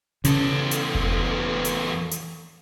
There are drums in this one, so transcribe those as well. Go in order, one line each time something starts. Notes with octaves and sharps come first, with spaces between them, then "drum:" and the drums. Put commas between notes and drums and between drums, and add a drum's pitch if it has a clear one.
E2 C#3 A4, drum: hi-hat
drum: hi-hat
drum: kick F1
drum: hi-hat
drum: hi-hat